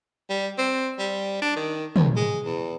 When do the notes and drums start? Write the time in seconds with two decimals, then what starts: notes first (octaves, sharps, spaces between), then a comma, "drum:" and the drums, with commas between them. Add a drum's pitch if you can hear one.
0.30 G3
0.58 C4
0.99 G3
1.42 D4
1.56 D#3
1.96 D#2, drum: tom
2.16 G#3
2.45 E2